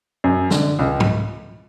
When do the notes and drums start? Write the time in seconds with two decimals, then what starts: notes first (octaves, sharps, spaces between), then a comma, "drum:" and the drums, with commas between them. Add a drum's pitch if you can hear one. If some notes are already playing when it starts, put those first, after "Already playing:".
0.24 F#2
0.50 D3, drum: snare
0.79 C#2
1.00 drum: tom G#2